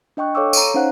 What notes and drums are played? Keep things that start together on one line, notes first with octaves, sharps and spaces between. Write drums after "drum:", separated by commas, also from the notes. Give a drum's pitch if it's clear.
D4 D#5 G5 C#6 F#6
A4 C#5 F5 C#6 D6 E6
C#5 A#5, drum: tambourine
C#4 D#4 C5 F5 F#5 F#6